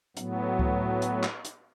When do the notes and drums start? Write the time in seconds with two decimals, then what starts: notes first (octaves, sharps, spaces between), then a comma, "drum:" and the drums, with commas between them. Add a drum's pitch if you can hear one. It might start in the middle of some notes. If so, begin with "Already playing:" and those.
0.17 A2 F#3 B3, drum: hi-hat
0.59 drum: kick C#2
1.02 drum: hi-hat
1.23 drum: clap
1.45 drum: hi-hat